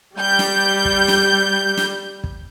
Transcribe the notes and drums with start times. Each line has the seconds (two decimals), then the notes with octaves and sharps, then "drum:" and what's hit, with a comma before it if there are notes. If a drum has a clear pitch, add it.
0.16 G3 G6
0.39 drum: snare
0.85 drum: kick
1.08 drum: snare
1.77 drum: snare
2.24 drum: kick